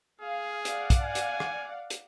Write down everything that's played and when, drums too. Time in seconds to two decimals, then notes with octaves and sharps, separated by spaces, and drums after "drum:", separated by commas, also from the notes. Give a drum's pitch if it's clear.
0.21 G#4 F5
0.65 D5 F5 F#5, drum: hi-hat
0.90 drum: kick, hi-hat
1.03 G#5
1.15 drum: hi-hat
1.40 drum: rim click
1.90 drum: hi-hat